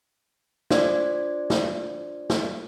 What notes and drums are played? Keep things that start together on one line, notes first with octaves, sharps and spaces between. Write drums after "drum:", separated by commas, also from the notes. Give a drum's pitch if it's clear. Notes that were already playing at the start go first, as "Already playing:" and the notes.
D4 F4 C5 D5, drum: snare
drum: snare
drum: snare